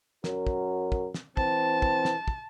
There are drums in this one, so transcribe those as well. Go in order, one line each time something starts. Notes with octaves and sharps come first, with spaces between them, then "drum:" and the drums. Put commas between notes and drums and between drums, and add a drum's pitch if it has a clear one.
F#2 F#4 A#4, drum: snare
drum: kick
drum: kick
drum: snare
E3 C4 A5, drum: kick
drum: kick
drum: snare
drum: kick